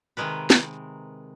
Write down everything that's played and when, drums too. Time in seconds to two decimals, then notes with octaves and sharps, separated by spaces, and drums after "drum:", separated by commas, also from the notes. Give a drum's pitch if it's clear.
0.17 C3 D#3 G#3 A#4 B4
0.50 drum: snare